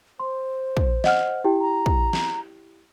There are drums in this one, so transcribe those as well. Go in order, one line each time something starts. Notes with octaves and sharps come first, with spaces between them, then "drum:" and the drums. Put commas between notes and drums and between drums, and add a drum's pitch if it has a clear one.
C5 C6
drum: kick
D#5 F#5 F6, drum: snare
E4 G4 G5
A#5
drum: kick
drum: snare